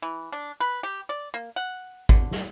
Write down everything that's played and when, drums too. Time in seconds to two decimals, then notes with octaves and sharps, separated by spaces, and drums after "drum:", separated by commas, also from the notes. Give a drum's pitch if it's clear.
0.02 E3
0.32 D4
0.60 B4
0.83 G4
1.09 D5
1.34 A#3
1.56 F#5
2.09 D3, drum: kick G#1
2.31 drum: snare